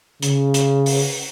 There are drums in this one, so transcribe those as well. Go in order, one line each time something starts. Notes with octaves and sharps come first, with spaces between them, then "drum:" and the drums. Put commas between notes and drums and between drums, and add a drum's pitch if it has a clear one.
C#3, drum: hi-hat
drum: hi-hat
drum: open hi-hat